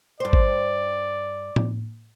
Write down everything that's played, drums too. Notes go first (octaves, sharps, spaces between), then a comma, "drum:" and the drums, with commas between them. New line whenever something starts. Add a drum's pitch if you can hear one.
G2 C5 D5
drum: kick G#1
drum: tom A2